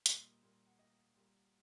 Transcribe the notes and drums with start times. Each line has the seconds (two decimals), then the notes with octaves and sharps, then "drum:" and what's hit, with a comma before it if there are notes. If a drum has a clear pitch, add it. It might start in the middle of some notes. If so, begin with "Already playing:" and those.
0.06 A#2 G3 A#3 D#5, drum: hi-hat
0.42 A#2 G3 A#3
0.66 F#5
0.79 A#2 G3 A#3 D#5
1.15 A#2 G3 A#3